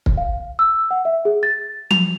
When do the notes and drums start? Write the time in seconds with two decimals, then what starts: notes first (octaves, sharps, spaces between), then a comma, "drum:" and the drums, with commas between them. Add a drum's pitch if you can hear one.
0.06 drum: kick
0.17 F5
0.59 E6
0.91 F#5
1.05 E5
1.25 G#4
1.43 A6
1.91 F7, drum: tom F3